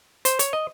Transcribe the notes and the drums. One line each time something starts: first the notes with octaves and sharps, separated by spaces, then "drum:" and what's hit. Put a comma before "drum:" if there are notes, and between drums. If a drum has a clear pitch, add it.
C5, drum: hi-hat
C#5, drum: hi-hat
D#5